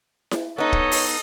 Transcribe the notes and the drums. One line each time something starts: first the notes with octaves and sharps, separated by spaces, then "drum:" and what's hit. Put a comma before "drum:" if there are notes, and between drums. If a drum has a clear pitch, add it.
drum: snare E4
B3 D#4 A4 C#5 D#5
drum: kick
drum: open hi-hat